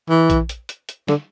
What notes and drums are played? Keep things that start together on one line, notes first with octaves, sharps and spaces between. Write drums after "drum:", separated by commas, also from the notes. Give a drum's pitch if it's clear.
E3
drum: kick A#1, hi-hat
drum: hi-hat
drum: hi-hat
drum: hi-hat
D3, drum: snare